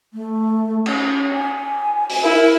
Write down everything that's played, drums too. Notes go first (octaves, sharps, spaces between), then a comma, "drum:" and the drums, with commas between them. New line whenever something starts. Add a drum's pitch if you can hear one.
A3
C#4, drum: cymbal
G#5
drum: open hi-hat
E4 A#4